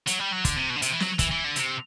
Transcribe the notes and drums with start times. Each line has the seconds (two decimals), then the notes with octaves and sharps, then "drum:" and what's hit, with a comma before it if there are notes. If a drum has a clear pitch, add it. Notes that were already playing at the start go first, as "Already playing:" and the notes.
0.07 F#3, drum: hi-hat
0.20 G3
0.33 F#3
0.45 D3, drum: kick, hi-hat
0.57 C3
0.70 B2
0.76 D3
0.82 C3, drum: hi-hat
0.92 E3
1.00 F#3, drum: snare
1.19 E3, drum: kick, hi-hat
1.31 E3
1.44 D3
1.56 C3, drum: hi-hat